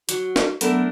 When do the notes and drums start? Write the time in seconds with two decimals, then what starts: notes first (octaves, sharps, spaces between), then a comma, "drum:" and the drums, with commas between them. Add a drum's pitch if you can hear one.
0.09 F#3 F#4, drum: hi-hat
0.36 drum: snare
0.61 F#3 A3 B3 D4 A4 A#4, drum: hi-hat